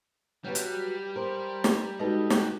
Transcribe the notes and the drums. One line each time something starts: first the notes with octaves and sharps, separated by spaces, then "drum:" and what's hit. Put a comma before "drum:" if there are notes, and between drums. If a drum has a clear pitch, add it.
F#3 G3 F#4 B4
drum: hi-hat
A#4 C5
drum: snare
G#3 D#4 F#4 A4 B4 D#5
G4 F#5, drum: snare